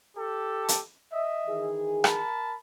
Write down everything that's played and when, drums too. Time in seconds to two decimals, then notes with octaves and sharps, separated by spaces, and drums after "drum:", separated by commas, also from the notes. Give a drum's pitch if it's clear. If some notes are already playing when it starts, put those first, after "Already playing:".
0.16 G4 A4
0.68 drum: hi-hat
1.12 D#5 E5
1.48 D#3 E3 G#4
2.04 A#4 A5 B5, drum: rim click